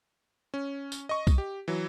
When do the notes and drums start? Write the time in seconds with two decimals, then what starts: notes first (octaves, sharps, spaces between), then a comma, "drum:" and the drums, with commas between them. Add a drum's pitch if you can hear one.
0.54 C#4
0.92 drum: tambourine
1.09 D#5 C#6
1.27 drum: kick, tambourine
1.38 G4
1.68 E3 F#3